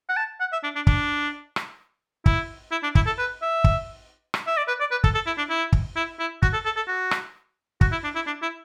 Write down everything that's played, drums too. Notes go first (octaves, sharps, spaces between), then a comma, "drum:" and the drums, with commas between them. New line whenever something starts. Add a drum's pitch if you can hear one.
F#5
A5
F#5
E5
D4
D4
D4, drum: kick
drum: rim click
E4, drum: kick
E4
D4
E4, drum: kick
A4
B4
E5
drum: kick
drum: rim click
E5
D5
B4
D5
B4
A4, drum: kick
A4
E4
D4
E4
drum: kick
E4
E4
F#4, drum: kick
A4
A4
A4
F#4
drum: rim click
F#4, drum: kick
E4
D4
E4
D4
E4